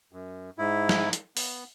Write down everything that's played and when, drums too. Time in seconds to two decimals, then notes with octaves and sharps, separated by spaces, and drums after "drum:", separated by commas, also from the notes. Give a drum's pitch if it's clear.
0.12 F#2
0.58 G#2 E4
0.89 drum: snare
1.13 drum: hi-hat
1.37 B3, drum: open hi-hat